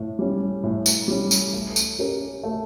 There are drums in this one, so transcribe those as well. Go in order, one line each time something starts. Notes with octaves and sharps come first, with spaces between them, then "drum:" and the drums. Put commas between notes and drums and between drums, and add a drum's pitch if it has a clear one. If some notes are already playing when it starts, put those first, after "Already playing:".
Already playing: A2
G3 C#4
A2
drum: tambourine
G3 C#4
drum: tambourine
A3
drum: tambourine
C#4 G4 A#4
A3